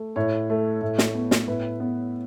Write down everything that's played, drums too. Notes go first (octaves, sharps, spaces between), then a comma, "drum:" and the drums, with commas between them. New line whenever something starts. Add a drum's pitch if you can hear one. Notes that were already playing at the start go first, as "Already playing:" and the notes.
Already playing: A3
A2 C#5
A3
A2
drum: snare
B3
drum: snare
A2 B4
B3